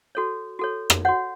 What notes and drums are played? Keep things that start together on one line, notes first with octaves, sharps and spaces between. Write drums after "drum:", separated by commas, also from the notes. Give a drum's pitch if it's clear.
F#4 A4 C#5
F#4 A4 C#5
drum: rim click
F#4 C#5 F#5